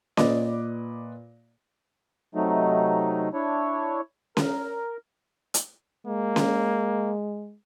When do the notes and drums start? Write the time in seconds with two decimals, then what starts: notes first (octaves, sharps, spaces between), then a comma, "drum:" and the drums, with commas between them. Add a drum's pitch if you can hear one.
0.17 A#2 B4 D5 D#5 D6, drum: snare C#4
2.35 C3 F#3 A3 D#4
3.33 D4 E4 C#5
4.37 A#4, drum: snare C#4
5.54 drum: hi-hat
6.07 G#3 A#3
6.36 drum: snare C#4